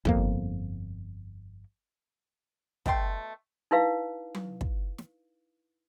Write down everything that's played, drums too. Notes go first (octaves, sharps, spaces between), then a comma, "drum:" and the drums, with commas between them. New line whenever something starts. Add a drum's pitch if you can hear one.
G1 F2 A#3, drum: kick
B2 A3 G5 C6, drum: kick
D#4 E4 B4 F5
drum: tom F#3
drum: kick
drum: snare